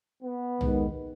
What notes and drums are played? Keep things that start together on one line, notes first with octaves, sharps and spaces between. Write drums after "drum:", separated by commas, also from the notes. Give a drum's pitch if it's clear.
B3
D#2 D#3 G#3, drum: tom B1